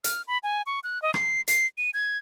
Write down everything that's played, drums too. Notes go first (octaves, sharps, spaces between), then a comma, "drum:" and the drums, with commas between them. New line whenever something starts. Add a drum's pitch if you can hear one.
F6, drum: hi-hat
B5
G#5
C#6
F#6
D#5
C7, drum: rim click
C7, drum: hi-hat
D#7
G#6